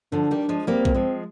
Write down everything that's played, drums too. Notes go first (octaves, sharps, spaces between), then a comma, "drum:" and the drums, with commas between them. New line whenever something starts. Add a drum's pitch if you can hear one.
D3 F3 D4
D#3 G3
F3 G#3
G3 A#3 C4
drum: kick A#1
F3 G#3